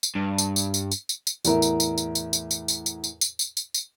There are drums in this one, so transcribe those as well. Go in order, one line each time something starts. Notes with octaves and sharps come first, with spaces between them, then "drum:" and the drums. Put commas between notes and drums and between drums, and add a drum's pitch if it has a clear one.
drum: tambourine
G2
drum: tambourine
drum: tambourine
drum: tambourine
drum: tambourine
drum: tambourine
drum: tambourine
E2 A2 A#4 E5, drum: tambourine
drum: tambourine
drum: tambourine
drum: tambourine
drum: tambourine
drum: tambourine
drum: tambourine
drum: tambourine
drum: tambourine
drum: tambourine
drum: tambourine
drum: tambourine
drum: tambourine
drum: tambourine